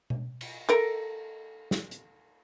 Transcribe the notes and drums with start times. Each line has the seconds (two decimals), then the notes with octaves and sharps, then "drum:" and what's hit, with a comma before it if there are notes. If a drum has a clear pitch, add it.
0.10 drum: tom B2
0.41 drum: cymbal
0.69 A4 A#4
1.71 drum: snare
1.91 drum: hi-hat